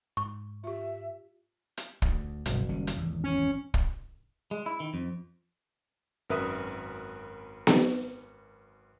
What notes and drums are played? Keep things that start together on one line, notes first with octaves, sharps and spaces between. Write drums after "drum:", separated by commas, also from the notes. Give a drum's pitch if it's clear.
G#2 C#6
F4 G4 E5
drum: hi-hat
D2, drum: kick
F#1 B1 G2 B2, drum: hi-hat
G#1 G3 C#4
drum: hi-hat
G#1 E2
C#4
drum: kick
G#3
E4
D#3
F2
G#1 F#2 A#4 B4 E5 D#6
drum: snare B3